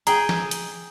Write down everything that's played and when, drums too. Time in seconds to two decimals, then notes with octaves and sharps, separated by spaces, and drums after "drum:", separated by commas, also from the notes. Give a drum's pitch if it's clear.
0.07 G#4 G5 A#5, drum: hi-hat
0.29 drum: snare
0.51 drum: hi-hat